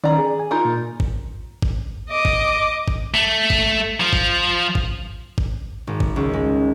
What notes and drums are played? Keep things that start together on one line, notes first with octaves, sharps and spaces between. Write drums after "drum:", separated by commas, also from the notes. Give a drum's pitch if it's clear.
D#3 C#4 D5 A#5
G#4
G#5
D#4 F4 A#4
A#2
drum: kick G#1
drum: kick G#1
D#5 D6
drum: kick G#1
drum: kick G#1
A3
drum: kick G#1
F3
drum: kick G#1
drum: kick G#1
drum: kick G#1
G#1
drum: kick G#1
C#2
G#3